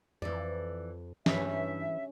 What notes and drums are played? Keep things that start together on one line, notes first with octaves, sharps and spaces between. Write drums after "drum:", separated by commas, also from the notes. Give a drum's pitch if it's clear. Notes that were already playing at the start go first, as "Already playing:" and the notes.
F2 E3 D5
G2 E3 C#4 E5, drum: snare